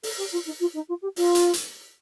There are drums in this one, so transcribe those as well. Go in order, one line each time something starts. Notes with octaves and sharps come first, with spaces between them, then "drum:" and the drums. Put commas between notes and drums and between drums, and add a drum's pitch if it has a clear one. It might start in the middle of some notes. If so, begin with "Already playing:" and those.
A4, drum: open hi-hat
G4
F4
D#4
F4
D#4
F4
G4
F4, drum: open hi-hat
drum: hi-hat
drum: hi-hat